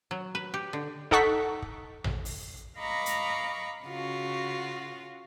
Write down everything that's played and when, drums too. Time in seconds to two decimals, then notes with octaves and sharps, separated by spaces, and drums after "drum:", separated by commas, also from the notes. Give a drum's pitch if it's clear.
0.11 F#3
0.35 B4
0.54 G4
0.73 D3
1.11 D#4 A4 F#5 C#6 B6, drum: kick
1.62 drum: kick
2.04 drum: tom A1
2.25 drum: open hi-hat
2.78 D#5 F5 A#5 B5 C#6 D6
3.06 drum: hi-hat
3.84 C#3 F4 F#4